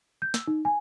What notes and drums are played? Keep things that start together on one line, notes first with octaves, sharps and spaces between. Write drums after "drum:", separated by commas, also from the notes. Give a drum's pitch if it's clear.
G6
E6, drum: snare
D#4
G#5